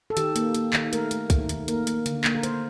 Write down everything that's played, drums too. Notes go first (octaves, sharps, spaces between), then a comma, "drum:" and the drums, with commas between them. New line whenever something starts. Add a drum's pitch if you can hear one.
A4
D#3 G4, drum: hi-hat
A#3, drum: hi-hat
A#3, drum: hi-hat
D#3, drum: clap
A3 A#4, drum: hi-hat
A3, drum: hi-hat
D#3, drum: kick, hi-hat
D#3, drum: hi-hat
A#3 A#4, drum: hi-hat
A#3, drum: hi-hat
D3, drum: hi-hat
A#3, drum: clap
A#4
A#3 C5, drum: hi-hat